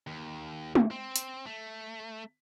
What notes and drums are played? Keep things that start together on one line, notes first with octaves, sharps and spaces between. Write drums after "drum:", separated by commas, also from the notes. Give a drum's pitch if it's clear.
D#2
drum: tom G#3
C4
drum: hi-hat
A3